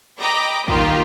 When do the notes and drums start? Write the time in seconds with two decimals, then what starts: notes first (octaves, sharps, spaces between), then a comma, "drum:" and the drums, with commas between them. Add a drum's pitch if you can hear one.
0.20 D#5 G5 A#5 B5 D6
0.68 D#3 A#3 F4 G4, drum: kick